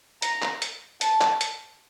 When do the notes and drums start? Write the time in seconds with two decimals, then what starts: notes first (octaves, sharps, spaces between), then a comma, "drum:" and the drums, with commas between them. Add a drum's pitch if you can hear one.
0.22 A#5, drum: hi-hat
0.42 drum: clap
0.62 drum: hi-hat
1.01 A5, drum: hi-hat
1.21 drum: clap
1.41 drum: hi-hat